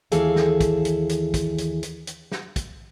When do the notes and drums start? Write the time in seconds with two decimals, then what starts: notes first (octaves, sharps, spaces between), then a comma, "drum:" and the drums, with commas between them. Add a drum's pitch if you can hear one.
0.12 D#2 E3 G#4 A4 F5, drum: hi-hat
0.36 drum: snare
0.60 drum: kick, hi-hat
0.85 drum: hi-hat
1.09 drum: hi-hat
1.34 drum: kick, hi-hat
1.58 drum: hi-hat
1.83 drum: hi-hat
2.07 drum: hi-hat
2.32 drum: snare
2.56 drum: kick, hi-hat